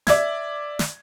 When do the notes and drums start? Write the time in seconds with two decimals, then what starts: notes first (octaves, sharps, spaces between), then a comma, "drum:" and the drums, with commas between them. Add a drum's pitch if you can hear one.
0.07 D5 E5 G#6, drum: snare
0.79 drum: snare